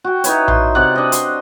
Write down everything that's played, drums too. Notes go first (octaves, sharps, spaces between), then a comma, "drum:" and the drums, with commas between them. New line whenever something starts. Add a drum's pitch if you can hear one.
F#4 G5
D#4 E4 B4 C#5, drum: hi-hat
C6, drum: tom A#1
C3 D5 F#5
D4 D#5
C6, drum: hi-hat